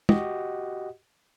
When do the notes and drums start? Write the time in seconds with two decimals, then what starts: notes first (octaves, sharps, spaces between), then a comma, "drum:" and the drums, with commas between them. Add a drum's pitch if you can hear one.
0.09 F#4 G4 D#5 F#5, drum: tom